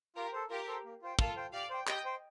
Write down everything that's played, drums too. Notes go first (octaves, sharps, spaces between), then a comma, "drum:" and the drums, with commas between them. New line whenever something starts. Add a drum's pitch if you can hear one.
F4 G4 A#4
A4 C5
F4 G4 A#4
A4 C5
A#3
F4 C5 G5
A#3 F4 A4, drum: kick
F4 C5 G5
G4 D5 F5
C5 G5
G4 D#5 G5, drum: clap
C5 G5